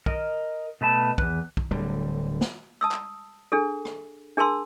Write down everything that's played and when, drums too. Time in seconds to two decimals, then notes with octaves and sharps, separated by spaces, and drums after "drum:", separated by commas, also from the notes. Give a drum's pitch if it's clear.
0.06 A#4 D#5, drum: kick
0.81 B2 A3 B4 A5
1.18 E2 B4, drum: kick
1.57 drum: kick
1.71 D1 D3 G3
2.41 drum: snare
2.81 A5 D#6 E6
2.91 drum: clap
3.52 D4 G#4 A4
3.85 drum: rim click
4.37 D4 G#4 A#4 A5 C6 E6